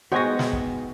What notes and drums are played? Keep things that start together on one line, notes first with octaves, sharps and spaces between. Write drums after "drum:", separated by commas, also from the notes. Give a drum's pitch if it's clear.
G#3 B3 D#4 F#4 C5 G5 G#5 A#6
drum: snare
drum: kick